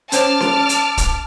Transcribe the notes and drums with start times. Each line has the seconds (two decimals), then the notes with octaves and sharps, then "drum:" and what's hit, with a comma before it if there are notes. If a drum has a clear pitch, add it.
0.12 C#4 C5 C#5 A5 D6 F6, drum: hi-hat
0.40 drum: snare C#4
0.69 drum: hi-hat
0.97 drum: kick, hi-hat